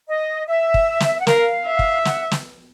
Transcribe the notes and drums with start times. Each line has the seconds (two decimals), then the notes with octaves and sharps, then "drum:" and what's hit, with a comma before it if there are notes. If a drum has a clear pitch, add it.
0.09 D#5
0.48 E5
0.74 drum: kick
1.00 drum: snare
1.20 F#5
1.27 A#4 F5, drum: snare
1.65 E5
1.79 drum: kick
2.05 F#5, drum: snare
2.31 drum: snare